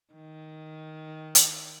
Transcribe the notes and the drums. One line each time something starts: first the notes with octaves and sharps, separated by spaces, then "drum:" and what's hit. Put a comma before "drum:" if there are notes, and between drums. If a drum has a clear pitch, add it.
D#3
drum: hi-hat